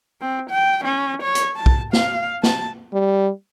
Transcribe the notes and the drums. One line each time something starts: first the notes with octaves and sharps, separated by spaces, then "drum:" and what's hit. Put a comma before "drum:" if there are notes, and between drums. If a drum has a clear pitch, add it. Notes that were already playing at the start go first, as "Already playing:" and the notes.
C4
G5
C#4
C#5
drum: hi-hat
A5
drum: kick B1
F5, drum: snare
A5, drum: snare
G3